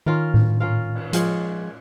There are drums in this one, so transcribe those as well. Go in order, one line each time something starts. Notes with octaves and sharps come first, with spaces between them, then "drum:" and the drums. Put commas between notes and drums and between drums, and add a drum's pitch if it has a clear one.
D#3 C#4 F4 A#4 F5
drum: tom A2
C#4 F4 A#4 F5
drum: cymbal
F3 G#3 F4 C#5, drum: hi-hat